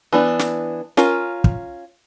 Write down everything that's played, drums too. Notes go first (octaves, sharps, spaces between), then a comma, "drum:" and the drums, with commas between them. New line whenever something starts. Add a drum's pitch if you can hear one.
E3 B3 D4
drum: snare
C#4 F4 A#4, drum: snare
drum: kick